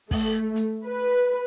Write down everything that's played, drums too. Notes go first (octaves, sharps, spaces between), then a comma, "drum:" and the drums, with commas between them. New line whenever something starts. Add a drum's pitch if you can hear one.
A3, drum: kick, open hi-hat
drum: hi-hat
B4